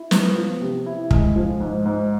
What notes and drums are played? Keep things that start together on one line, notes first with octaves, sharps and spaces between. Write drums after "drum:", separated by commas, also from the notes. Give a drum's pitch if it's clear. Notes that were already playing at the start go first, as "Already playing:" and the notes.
Already playing: E4
B3, drum: snare
F3
C3
E4
G#3, drum: kick
F3
G#2
G#2